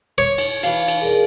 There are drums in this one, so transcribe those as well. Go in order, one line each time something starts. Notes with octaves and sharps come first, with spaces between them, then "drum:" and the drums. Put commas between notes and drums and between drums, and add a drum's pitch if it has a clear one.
C#5
drum: cymbal
E3 F5, drum: cymbal
drum: cymbal
G#4 A#4 D5